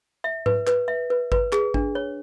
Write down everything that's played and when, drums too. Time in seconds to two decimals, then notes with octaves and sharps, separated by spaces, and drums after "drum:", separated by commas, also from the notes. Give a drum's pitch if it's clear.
0.24 E5
0.46 B4, drum: tom G#2
0.67 B4, drum: clap
0.88 E5
1.10 B4
1.32 B4, drum: kick G#1
1.52 G#4, drum: clap
1.74 D4, drum: kick G#1
1.95 C#5